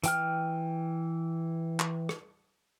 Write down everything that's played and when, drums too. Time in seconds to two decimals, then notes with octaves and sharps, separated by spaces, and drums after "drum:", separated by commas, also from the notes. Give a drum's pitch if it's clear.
0.03 E3 G5 F6, drum: hi-hat
1.80 drum: clap
2.09 drum: rim click